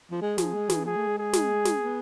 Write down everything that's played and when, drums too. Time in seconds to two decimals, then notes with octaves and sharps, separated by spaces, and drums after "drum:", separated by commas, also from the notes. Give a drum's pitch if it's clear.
0.11 F3
0.21 G#3 G#4
0.38 F3, drum: snare
0.54 G#3
0.70 E3, drum: snare
0.86 F3 G#4
0.96 A3
1.07 G#3
1.18 G#4
1.33 drum: snare
1.65 drum: snare
1.81 B3